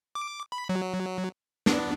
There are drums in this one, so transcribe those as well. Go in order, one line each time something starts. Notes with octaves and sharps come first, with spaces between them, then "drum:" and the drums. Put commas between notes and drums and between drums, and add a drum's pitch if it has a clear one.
D6
B5
F#3
B3 D4, drum: snare